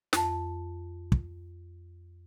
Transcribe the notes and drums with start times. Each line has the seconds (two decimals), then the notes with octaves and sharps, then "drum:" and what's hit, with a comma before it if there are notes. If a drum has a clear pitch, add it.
0.13 F2 A5, drum: snare
1.12 drum: kick